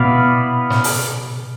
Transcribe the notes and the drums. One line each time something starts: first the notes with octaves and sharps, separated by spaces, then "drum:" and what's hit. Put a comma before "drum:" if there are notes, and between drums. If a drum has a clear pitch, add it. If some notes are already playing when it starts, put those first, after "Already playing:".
Already playing: B2 B3 E4 B4 D5 F5
drum: snare
drum: open hi-hat